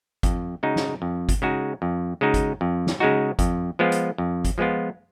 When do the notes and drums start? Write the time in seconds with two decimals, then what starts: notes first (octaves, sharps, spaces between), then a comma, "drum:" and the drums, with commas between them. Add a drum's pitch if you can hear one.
0.23 F2, drum: kick G1, hi-hat
0.63 C#3 G#3 D#4 F#4
0.76 drum: snare
1.02 F2
1.29 drum: kick G1, hi-hat
1.42 C#3 G#3 D#4 F#4
1.82 F2
2.21 C#3 G#3 D#4 F#4
2.34 drum: kick G1, hi-hat
2.61 F2
2.87 drum: snare
3.00 C#3 G#3 D#4 F#4
3.39 F2, drum: kick G1, hi-hat
3.79 F3 G#3 B3 F4
3.92 drum: hi-hat
4.18 F2
4.45 drum: kick G1, hi-hat
4.58 F3 G#3 B3 F4